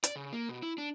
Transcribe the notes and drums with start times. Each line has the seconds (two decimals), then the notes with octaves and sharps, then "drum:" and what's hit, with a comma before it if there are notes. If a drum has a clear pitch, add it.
0.04 D5, drum: hi-hat
0.16 C#3
0.33 A#3
0.49 B2
0.62 E4
0.78 D4